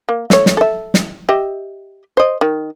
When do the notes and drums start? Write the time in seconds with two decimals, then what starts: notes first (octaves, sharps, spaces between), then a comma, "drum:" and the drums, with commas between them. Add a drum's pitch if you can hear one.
0.09 A#3
0.30 A3 C#5, drum: snare
0.46 drum: snare
0.57 A4 E5
0.94 drum: snare
1.29 G4 D#5 E5
2.17 C5 D#5
2.41 D#3